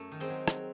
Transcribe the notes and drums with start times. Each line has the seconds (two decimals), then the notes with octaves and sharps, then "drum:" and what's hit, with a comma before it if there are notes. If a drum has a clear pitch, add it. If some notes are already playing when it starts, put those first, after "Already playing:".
Already playing: F#2 A3
0.12 D#3
0.20 G#3 C4
0.30 F#3
0.48 F#3, drum: rim click